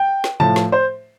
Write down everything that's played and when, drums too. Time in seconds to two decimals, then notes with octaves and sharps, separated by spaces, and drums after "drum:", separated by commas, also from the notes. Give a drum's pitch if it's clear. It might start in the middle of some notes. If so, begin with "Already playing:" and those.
Already playing: G5
0.24 drum: snare
0.40 A2 F3 A5, drum: tom C3
0.56 drum: snare
0.72 C5